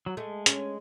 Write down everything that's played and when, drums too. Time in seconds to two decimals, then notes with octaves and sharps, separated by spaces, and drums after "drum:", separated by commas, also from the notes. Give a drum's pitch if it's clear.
0.06 F#3
0.17 G#3 A3
0.46 C#4, drum: hi-hat